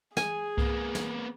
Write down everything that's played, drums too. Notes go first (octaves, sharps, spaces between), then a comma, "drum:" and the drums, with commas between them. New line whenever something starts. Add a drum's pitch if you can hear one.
G#4 G#5, drum: snare
A#3 B3, drum: kick C2
drum: snare